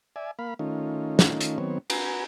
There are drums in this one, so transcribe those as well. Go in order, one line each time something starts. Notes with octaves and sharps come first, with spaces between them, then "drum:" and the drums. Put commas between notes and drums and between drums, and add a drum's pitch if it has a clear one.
D5 E5 G#5
A#3 F5 B5
D#3 A3 C#4 D#4 F4
drum: snare
drum: hi-hat
D#3 F#3 B3 C4 C#5
F#4 B4 G#5 A#5, drum: cymbal